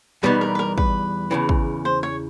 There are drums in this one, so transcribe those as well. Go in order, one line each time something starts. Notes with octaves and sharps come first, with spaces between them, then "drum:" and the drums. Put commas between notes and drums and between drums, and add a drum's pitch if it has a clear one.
E2 B2 G3 B3 D#4 B4
A#4
B4
A#4
B4, drum: kick
E2 C#3 E3
drum: kick
C5
C#5